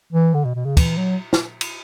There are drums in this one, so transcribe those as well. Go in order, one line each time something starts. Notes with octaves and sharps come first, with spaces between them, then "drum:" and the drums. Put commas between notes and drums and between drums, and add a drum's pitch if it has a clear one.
E3
D3
B2
B2
C#3
E3, drum: kick, cymbal
F#3
drum: snare
drum: cymbal